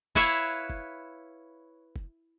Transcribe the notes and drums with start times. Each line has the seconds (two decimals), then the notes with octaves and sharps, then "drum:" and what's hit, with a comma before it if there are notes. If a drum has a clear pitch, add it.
0.15 E4 B4 C#5 E5 F5, drum: kick
0.70 drum: kick
1.96 drum: kick